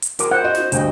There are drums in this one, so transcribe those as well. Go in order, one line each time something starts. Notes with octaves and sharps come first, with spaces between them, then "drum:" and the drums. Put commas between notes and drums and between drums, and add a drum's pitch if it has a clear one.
drum: hi-hat
B3 C4 F#4 G#4 A#4 D6, drum: hi-hat
C4 F4 C5 F#5
F#4 D#5
drum: snare
D2 G2 B3 D#5 G5, drum: hi-hat